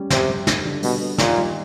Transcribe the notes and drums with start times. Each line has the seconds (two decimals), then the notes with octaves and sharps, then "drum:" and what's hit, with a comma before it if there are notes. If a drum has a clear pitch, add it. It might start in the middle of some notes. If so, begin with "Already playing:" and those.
Already playing: G3 C#4
0.10 C3 G3, drum: snare
0.29 G3
0.47 G3, drum: snare
0.65 D3
0.83 B2 G3, drum: open hi-hat
1.01 B3
1.18 A#2 D#3, drum: snare
1.37 G3